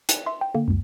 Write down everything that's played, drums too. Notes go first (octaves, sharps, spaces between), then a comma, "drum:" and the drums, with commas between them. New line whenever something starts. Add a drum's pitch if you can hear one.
F#6, drum: hi-hat
E5 C6
G5
D3 A#3
C#2 F#2